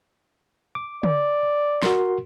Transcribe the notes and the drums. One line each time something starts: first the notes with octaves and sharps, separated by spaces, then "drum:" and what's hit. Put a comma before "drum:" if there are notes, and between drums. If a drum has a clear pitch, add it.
D6
D5, drum: tom
F#4 A#4 C6, drum: snare